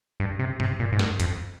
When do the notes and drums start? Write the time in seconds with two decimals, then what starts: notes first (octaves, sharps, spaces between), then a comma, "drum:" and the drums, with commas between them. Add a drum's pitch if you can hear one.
0.20 G2
0.39 C3
0.60 C3, drum: tom G2
0.79 A#2
0.92 G#2
0.99 G2, drum: snare
1.20 F2, drum: hi-hat